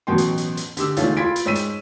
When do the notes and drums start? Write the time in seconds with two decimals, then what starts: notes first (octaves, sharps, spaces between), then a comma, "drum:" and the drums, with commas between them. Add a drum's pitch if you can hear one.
0.07 A1 B2 F#3 G5 C6
0.18 drum: hi-hat
0.38 drum: hi-hat
0.57 drum: hi-hat
0.77 D3 G4 E6, drum: hi-hat
0.97 E1 D2 D#4 F4 A4 C#5, drum: hi-hat
1.17 F4 B5 C6 G#6 B6 D7
1.36 drum: hi-hat
1.45 G#2 C#5 E6 B6 D#7 E7
1.55 drum: hi-hat